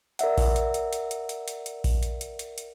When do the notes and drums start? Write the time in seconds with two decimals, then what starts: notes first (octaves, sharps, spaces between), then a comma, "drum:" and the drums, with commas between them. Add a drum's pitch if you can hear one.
0.19 A#4 D5 E5 F#5, drum: hi-hat
0.38 drum: kick A#1, open hi-hat
0.56 drum: hi-hat
0.74 drum: hi-hat
0.93 drum: hi-hat
1.11 drum: hi-hat
1.29 drum: hi-hat
1.48 drum: hi-hat
1.66 drum: hi-hat
1.84 drum: kick A#1, open hi-hat
2.03 drum: hi-hat
2.21 drum: hi-hat
2.39 drum: hi-hat
2.58 drum: hi-hat